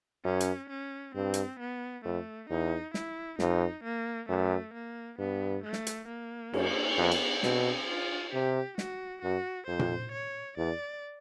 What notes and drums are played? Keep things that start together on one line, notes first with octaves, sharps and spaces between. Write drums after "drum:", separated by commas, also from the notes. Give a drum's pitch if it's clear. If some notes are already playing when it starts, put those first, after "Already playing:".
F#2 C#4
drum: hi-hat
C#4
G2 C4
drum: hi-hat
B3
F2 A3
E2 D#4
E4, drum: snare
F2 D#4, drum: snare
A#3
F#2 A3
A#3
G2 B3
A3
drum: snare
drum: hi-hat
A#3
F#2, drum: cymbal
F2 B3
drum: cymbal
B2 C4, drum: snare
F4
C3 G4
F#4, drum: snare
F#2 F#4
F2 C5
drum: tom A#2
C#5
E2 D5